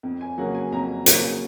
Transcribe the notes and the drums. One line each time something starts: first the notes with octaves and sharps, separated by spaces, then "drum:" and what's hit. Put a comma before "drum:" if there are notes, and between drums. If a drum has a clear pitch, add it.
F2
G#5
C#3 F#3 A#3 F#5
G#5
F2 A#5
C#3 F#3 A#3, drum: hi-hat